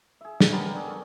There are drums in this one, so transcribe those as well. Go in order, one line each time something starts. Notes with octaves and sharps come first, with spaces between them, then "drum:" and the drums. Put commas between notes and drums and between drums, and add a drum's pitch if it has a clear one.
G#4 E5
drum: snare
B3 C#4 G4 A#4
D4 G#4
A4 D5 C#6